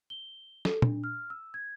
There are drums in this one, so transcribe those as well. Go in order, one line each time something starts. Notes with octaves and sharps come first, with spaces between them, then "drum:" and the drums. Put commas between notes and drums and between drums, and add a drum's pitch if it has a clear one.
G7
A4, drum: snare
D4, drum: tom
F6
E6
G#6